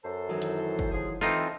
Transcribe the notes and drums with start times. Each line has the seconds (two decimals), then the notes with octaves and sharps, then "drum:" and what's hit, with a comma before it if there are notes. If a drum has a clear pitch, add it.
0.04 F#2 A4 C5
0.29 D#3 E3 F#3
0.42 drum: hi-hat
0.79 drum: kick
0.91 F3 G#4
1.21 E3 C4 D#4 F4 A4